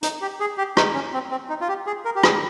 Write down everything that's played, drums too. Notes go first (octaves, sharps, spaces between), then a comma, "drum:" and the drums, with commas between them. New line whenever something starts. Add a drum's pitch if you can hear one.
D#4, drum: hi-hat
G4
G#4
G4
D#4, drum: rim click
C#4
C4
C4
D#4
F4
G4
G#4
A#4
G4
G#4, drum: rim click